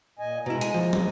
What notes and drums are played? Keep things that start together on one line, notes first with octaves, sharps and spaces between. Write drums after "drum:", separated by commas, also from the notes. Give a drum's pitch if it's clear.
A#2 D#5 G#5
B2 G#3 E4 A#5
G#5, drum: hi-hat
F3
drum: tom